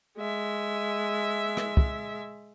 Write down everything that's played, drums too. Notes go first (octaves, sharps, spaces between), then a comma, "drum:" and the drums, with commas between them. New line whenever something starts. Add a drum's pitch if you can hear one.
G#3 E5
drum: rim click
drum: kick